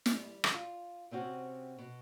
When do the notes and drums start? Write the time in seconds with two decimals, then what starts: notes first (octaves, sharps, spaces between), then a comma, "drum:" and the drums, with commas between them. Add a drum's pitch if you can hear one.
0.06 drum: snare
0.15 G3
0.44 drum: rim click
0.54 F4
1.11 C3 C4 C#4 F#4
1.79 B2